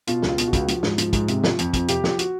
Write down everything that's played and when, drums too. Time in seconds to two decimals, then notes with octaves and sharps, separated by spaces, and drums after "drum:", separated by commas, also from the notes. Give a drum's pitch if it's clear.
0.07 B2 F4, drum: hi-hat
0.22 C#2, drum: snare
0.28 F4
0.38 B2, drum: hi-hat
0.47 F#4
0.53 C#2, drum: kick, hi-hat
0.68 F3, drum: hi-hat
0.83 G#2, drum: snare
0.98 F3, drum: hi-hat
1.13 G#2, drum: kick, hi-hat
1.28 C3, drum: hi-hat
1.44 F3, drum: snare
1.59 F2, drum: hi-hat
1.73 F2, drum: kick, hi-hat
1.88 C3 G4, drum: hi-hat
2.04 F3, drum: snare
2.19 F#4, drum: hi-hat